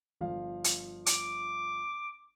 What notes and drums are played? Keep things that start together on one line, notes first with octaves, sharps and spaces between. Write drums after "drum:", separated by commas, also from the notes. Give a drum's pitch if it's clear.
G1 F3 F5
drum: hi-hat
D6, drum: hi-hat